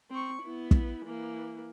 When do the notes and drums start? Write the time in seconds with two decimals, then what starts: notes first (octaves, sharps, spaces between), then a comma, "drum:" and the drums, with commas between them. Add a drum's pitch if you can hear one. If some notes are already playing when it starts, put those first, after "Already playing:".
0.11 C4 C#6
0.42 B3 E4
0.71 drum: kick
1.06 E3 A#3